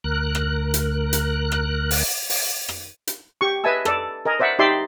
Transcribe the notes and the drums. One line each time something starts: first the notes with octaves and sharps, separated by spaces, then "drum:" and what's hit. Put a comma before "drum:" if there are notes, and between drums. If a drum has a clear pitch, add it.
D2 A#4 F#6
drum: rim click
drum: hi-hat
drum: hi-hat
drum: rim click
drum: open hi-hat
drum: open hi-hat
drum: rim click
drum: hi-hat
G4 C#6
B4 D#5 E5 G#5 A5 E6
A4 D5, drum: rim click
A#4 D#5 G#5
C5 D5 E5 F#5
D#4 G4 D5 E5 C6